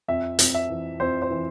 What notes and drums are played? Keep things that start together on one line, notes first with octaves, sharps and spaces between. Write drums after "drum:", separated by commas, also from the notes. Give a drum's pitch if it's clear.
F2 E5
F2, drum: hi-hat
E5
E3
F2 C5
C5
E3